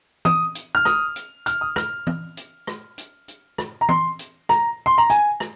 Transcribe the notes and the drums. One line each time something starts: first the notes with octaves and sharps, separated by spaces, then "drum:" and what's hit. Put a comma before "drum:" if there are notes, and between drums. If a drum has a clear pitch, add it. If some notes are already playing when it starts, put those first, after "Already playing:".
D#6, drum: tom
drum: hi-hat
F6
D#6, drum: rim click
drum: hi-hat
F6, drum: hi-hat
D#6
F6, drum: rim click
drum: tom
drum: hi-hat
drum: rim click
drum: hi-hat
drum: hi-hat
drum: rim click
A#5
C6, drum: tom
drum: hi-hat
A#5, drum: rim click
C6
A#5
G#5, drum: hi-hat
drum: rim click